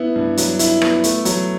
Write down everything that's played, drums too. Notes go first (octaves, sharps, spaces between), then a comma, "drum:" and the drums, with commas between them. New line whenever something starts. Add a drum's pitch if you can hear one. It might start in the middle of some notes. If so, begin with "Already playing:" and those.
Already playing: B3 E4
G2
F#3, drum: hi-hat
E4, drum: hi-hat
B3, drum: rim click
A3, drum: hi-hat
F#3, drum: hi-hat